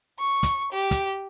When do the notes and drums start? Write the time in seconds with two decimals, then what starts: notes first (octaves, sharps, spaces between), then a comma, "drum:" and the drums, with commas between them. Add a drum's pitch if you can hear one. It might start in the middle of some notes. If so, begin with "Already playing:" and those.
0.19 C#6
0.43 drum: kick, hi-hat
0.73 G4
0.91 drum: kick, hi-hat